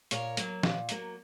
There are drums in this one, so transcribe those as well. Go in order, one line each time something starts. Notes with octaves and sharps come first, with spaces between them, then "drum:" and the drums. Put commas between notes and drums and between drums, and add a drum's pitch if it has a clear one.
A#2 A#4 C#5, drum: hi-hat
F#3 A#3, drum: hi-hat
A#2, drum: snare
F#3 A#3, drum: hi-hat